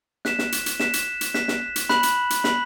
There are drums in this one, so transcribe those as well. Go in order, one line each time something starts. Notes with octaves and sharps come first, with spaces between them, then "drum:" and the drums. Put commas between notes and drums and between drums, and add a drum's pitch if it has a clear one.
F#6 B6 E7, drum: snare
drum: snare
drum: hi-hat
drum: hi-hat
F#6 B6 E7, drum: snare
drum: hi-hat
drum: hi-hat
F#6 B6 E7, drum: snare
drum: snare
drum: hi-hat
B5 F#6 B6 F#7, drum: snare
drum: hi-hat
drum: hi-hat
B5 F#6 B6 F#7, drum: snare